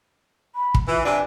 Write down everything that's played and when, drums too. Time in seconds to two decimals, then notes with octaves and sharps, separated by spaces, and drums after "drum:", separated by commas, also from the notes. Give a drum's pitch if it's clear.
0.55 B5
0.75 drum: kick
0.88 E3 F4
1.05 C3 D4 B4 G#5